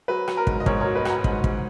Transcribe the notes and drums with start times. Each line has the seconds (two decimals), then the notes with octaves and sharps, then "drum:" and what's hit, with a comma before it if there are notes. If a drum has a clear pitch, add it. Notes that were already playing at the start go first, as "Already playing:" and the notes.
0.08 F#3 B4
0.28 F#3, drum: rim click
0.37 A#4
0.47 G#2, drum: kick
0.60 D#5
0.66 G#2 A#4 C#5, drum: kick
0.81 F#3 A#4 C#5
0.95 B4 D#5
1.05 F#3 F#5 A#5, drum: rim click
1.24 G#2, drum: kick
1.44 G#2, drum: kick